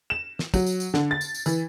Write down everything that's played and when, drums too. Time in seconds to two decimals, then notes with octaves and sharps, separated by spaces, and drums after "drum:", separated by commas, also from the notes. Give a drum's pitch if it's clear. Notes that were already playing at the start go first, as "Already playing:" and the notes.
0.10 E7
0.39 drum: snare
0.54 F#3, drum: kick, tambourine
0.66 drum: tambourine
0.80 drum: tambourine
0.94 D3, drum: snare
1.11 A6
1.21 drum: tambourine
1.34 drum: tambourine
1.46 E3, drum: tambourine